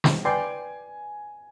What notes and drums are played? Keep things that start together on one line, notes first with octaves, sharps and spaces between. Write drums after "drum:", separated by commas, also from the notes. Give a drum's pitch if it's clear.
drum: snare
B4 D5 G5 G#5 C6